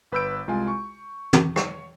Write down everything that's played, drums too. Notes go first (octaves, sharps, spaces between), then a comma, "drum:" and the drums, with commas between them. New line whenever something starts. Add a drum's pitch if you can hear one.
G1 B4 B5 E6 G6 D7
C2 G#3 F4 F5 G#5
C#6
drum: tom
C#5, drum: rim click